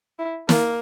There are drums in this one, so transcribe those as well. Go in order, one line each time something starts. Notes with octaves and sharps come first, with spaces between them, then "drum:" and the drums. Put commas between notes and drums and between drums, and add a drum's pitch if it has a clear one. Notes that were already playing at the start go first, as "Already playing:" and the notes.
E4
A#3, drum: snare